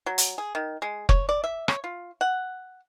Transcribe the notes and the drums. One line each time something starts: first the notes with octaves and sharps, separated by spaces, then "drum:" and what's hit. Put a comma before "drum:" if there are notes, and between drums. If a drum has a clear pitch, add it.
F#3
drum: hi-hat
G#4
D#3
G#3
C#5, drum: kick F1
D5
E5
C#5, drum: rim click
F4
F#5